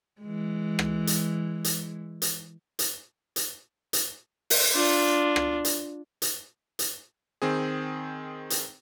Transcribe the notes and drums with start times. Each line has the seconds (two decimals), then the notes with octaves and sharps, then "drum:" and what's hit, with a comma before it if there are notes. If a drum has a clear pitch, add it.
0.22 E3 G#3
0.79 drum: rim click
1.07 drum: hi-hat
1.64 drum: hi-hat
2.22 drum: hi-hat
2.79 drum: hi-hat
3.36 drum: hi-hat
3.93 drum: hi-hat
4.50 drum: open hi-hat
4.74 D4 F4
5.36 drum: rim click
5.65 drum: hi-hat
6.22 drum: hi-hat
6.79 drum: hi-hat
7.42 D#3 C4 G#4
8.50 drum: hi-hat